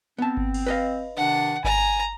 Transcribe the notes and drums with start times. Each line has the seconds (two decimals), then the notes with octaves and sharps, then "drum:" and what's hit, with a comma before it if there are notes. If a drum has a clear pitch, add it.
0.18 B3 C4 A5
0.37 drum: kick G1
0.54 drum: cymbal
0.67 B4 D#5 F5
1.17 C3 D#3 D4 F#5
1.64 G#5 A#5, drum: kick G1